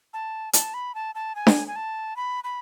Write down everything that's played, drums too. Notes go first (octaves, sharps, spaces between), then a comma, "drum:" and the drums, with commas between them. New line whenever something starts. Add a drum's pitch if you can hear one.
A5
A5, drum: hi-hat
B5
A5
A5
G#5
drum: snare D4
G#5
A5
B5
B5